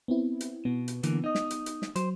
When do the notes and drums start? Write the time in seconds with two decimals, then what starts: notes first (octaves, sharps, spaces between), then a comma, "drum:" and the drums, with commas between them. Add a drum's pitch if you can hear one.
0.08 B3 C4 E4
0.41 drum: hi-hat
0.65 B2 B3
0.88 drum: hi-hat
1.03 D3 E3 A#3, drum: hi-hat
1.24 D#4 D#5
1.35 drum: snare
1.50 drum: hi-hat
1.66 drum: hi-hat
1.82 drum: snare
1.96 F#3 C5, drum: hi-hat